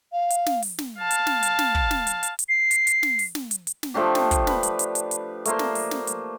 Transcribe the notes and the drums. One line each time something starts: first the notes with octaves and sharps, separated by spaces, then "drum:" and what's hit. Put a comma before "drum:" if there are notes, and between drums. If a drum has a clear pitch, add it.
F5
drum: hi-hat
drum: snare
drum: open hi-hat
drum: snare
F5 A5
drum: hi-hat
drum: snare
drum: hi-hat
drum: snare
drum: kick
drum: snare
drum: hi-hat
drum: hi-hat
drum: hi-hat
C7
drum: hi-hat
drum: hi-hat
drum: snare
drum: open hi-hat
drum: snare
drum: hi-hat
drum: hi-hat
drum: snare
F3 A3 D4 G4
drum: snare
drum: kick, hi-hat
B4, drum: snare
drum: hi-hat
drum: hi-hat
drum: hi-hat
drum: hi-hat
A3 A#3 C5, drum: hi-hat
drum: snare
drum: open hi-hat
drum: snare
drum: hi-hat